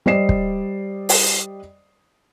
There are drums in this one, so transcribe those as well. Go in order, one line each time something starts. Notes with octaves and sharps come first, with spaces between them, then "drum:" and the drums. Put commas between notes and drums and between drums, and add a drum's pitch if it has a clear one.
G3 C5 D5 D#5 C7 E7
drum: kick
drum: open hi-hat